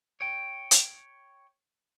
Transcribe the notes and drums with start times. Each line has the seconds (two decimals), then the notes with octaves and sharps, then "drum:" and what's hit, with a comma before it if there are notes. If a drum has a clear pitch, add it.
0.21 C#5 G5
0.71 drum: hi-hat